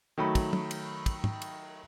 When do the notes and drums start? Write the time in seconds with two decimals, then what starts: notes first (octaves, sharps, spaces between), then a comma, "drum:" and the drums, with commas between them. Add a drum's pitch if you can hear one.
0.18 D#3 F#3 A3 B5
0.35 drum: kick, cymbal
0.53 drum: tom
0.71 drum: cymbal
1.06 drum: kick, cymbal
1.24 drum: tom
1.42 drum: cymbal